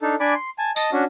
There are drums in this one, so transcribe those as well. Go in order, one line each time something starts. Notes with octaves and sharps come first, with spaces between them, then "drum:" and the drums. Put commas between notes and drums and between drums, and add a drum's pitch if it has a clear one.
D4 D#4 A4
D4 D5 G#5 B5 D6
C6
G#5 A5
D#5 A5, drum: tambourine
C#4 D4 F#4